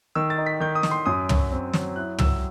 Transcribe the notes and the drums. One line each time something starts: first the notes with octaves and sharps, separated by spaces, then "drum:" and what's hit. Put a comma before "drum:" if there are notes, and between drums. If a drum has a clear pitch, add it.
D#3 E6
A6
D#4
B6
D#3 G6
D#6
D#3, drum: snare
C6
F#2 D#6
F#3, drum: tom
C4
F#3, drum: snare
E4 F#6
F#3 E6, drum: tom